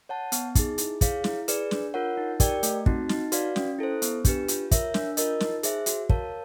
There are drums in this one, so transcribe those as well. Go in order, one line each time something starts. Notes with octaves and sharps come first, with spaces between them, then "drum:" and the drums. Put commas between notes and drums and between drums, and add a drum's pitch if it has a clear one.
C#5 F#5 A5
B3, drum: hi-hat
D#4 G#4, drum: kick, hi-hat
E4, drum: hi-hat
G#4 C#5 F5, drum: kick, hi-hat
E4, drum: snare
G#4 B4 D5, drum: hi-hat
D4, drum: snare
F4 A#4 C#5 F#5
D#4
G4 A#4 D5 G5, drum: kick, hi-hat
A3, drum: hi-hat
C4 D#4 F#4, drum: kick
D#4, drum: snare
F#4 B4 D5 F5, drum: hi-hat
C#4, drum: snare
E4 A4 C5
B3, drum: hi-hat
D4 G4 B4, drum: kick, hi-hat
F4, drum: hi-hat
A#4 C#5 E5, drum: kick, hi-hat
D4, drum: snare
F4 A#4 D#5, drum: hi-hat
D#4, drum: snare
G#4 C5 E5, drum: hi-hat
F#4, drum: hi-hat
A#4 C#5 F5 A5, drum: kick